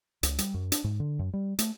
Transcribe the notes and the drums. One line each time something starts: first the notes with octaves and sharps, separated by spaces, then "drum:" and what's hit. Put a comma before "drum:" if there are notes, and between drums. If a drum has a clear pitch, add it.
C#2, drum: hi-hat
G3, drum: hi-hat
F#2
D4, drum: hi-hat
G#2
D3
F#2
G3
A3, drum: hi-hat